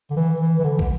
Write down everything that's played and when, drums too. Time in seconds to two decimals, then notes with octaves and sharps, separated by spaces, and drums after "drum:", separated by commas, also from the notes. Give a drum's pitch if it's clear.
0.10 D3
0.16 E3
0.40 E3
0.59 E3
0.64 D3
0.79 drum: kick